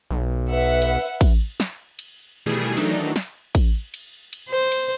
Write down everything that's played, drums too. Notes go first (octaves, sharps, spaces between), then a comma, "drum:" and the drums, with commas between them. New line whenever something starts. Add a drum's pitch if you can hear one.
B1
B4 E5 F#5
drum: cymbal
drum: kick A1, cymbal
drum: snare
drum: cymbal
B2 D#3 E3 G3 A3 G#4
D#3 E3 F#3 A3 D4 D#4, drum: cymbal
drum: snare
drum: kick A1, cymbal
drum: cymbal
drum: cymbal
C5
drum: cymbal